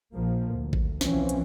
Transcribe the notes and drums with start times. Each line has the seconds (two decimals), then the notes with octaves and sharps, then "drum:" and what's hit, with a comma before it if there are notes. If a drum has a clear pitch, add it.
0.13 A#1 F3 A#3
0.54 D2
0.73 drum: kick A1
1.01 B1 E3 F3 C4 C#4, drum: snare
1.29 drum: hi-hat